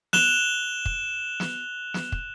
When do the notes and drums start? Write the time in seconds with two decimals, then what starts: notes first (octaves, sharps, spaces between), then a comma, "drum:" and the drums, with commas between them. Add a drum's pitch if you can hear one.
0.13 F#6 E7 F7 G7, drum: snare
0.85 drum: kick
1.40 drum: snare
1.94 drum: snare
2.12 drum: kick